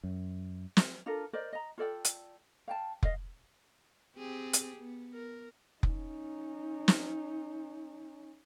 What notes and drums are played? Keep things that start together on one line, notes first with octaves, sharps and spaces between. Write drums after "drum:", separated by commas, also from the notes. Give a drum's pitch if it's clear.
F#2
drum: snare
D4 F4 A4 A#4
A#4 C5 D5 D#5
D#5 A#5
F4 A4 D5 G5
drum: hi-hat
F5 G5 A5
D#5 F5, drum: kick F1
C4 G4 G#4
drum: hi-hat
B3
A#4
C#4 D#4, drum: kick F1
drum: snare